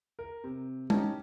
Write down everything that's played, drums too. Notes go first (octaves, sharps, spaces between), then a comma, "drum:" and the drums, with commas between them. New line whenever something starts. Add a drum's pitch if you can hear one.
A#4
C3
C#4 D#4 G4 A5, drum: tom G#3